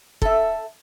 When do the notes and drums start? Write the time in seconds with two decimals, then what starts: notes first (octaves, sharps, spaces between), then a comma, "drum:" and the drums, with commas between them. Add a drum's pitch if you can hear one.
0.22 A4 E5, drum: kick